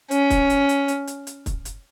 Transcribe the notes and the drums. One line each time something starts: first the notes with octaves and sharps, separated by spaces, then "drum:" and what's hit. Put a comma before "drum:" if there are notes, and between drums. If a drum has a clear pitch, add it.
C#4, drum: hi-hat
drum: kick, hi-hat
drum: hi-hat
drum: hi-hat
drum: hi-hat
drum: hi-hat
drum: hi-hat
drum: kick, hi-hat
drum: hi-hat